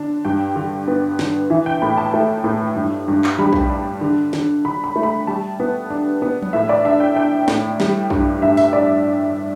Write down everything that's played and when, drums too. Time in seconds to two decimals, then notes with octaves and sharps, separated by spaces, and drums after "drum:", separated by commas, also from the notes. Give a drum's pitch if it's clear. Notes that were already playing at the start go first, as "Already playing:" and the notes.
Already playing: D3 D4
0.25 G2 G5
0.56 D3
0.88 B3
1.19 D3, drum: snare
1.50 E3 E5
1.66 G5
1.82 A2 B5
1.98 A5
2.13 A3 A5
2.44 A2
2.76 G2
3.08 G2
3.24 drum: clap
3.38 G3 B5
3.53 drum: kick A#1
3.70 D4
4.01 D3
4.33 D3, drum: snare
4.65 D3 B5
4.84 B5
4.96 A3
5.03 B5
5.27 G3 A5
5.60 B3
5.90 D4
6.22 B3
6.42 drum: tom F3
6.53 A2 E5
6.69 D5
6.85 D4 E5
7.00 G5
7.16 D4 G5
7.48 A2, drum: snare
7.80 G3, drum: snare
8.10 G2, drum: kick A#1
8.42 G2 E5
8.57 E5, drum: open hi-hat
8.73 D4 D5